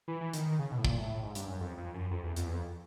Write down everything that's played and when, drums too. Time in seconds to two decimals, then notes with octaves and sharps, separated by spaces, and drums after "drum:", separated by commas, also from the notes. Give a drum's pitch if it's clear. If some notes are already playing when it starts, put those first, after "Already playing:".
0.08 E3
0.21 E3
0.33 D#3, drum: hi-hat
0.46 D#3
0.59 C#3
0.72 B2
0.78 A2
0.85 A#2, drum: kick
0.97 A2
1.10 A2
1.23 G#2
1.35 G2, drum: hi-hat
1.48 F#2
1.60 F2
1.78 F2
1.94 F#2
2.11 F2
2.23 E2
2.36 F2, drum: hi-hat
2.46 E2
2.54 F2